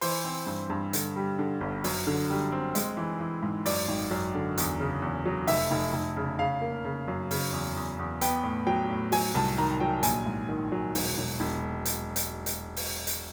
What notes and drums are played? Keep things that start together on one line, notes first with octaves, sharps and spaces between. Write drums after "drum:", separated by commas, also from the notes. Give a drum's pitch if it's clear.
E3 C5, drum: open hi-hat
C4
G2
G2
D3, drum: hi-hat
G3
D3
G1
F#2, drum: open hi-hat
D3
G3
C4
G#3, drum: hi-hat
E3
E3
G#2
F#2 D5, drum: open hi-hat
G#1
F#2
D3
E2, drum: hi-hat
C#3
E2
F#3
F1 E5, drum: open hi-hat
F1
F1
C#3
C#3 F5
A#3
C#3
F#2
C#3, drum: open hi-hat
E2
E2
E2
B3 G5, drum: hi-hat
A2
F#3 G5
A2
F#3 G#5, drum: open hi-hat
C2 A5
D#3 A#5
F#3 G5
A#1 G#5, drum: hi-hat
G#2
D#3
F#3
E1, drum: open hi-hat
E1
E1
drum: hi-hat
drum: hi-hat
drum: hi-hat
drum: open hi-hat
drum: hi-hat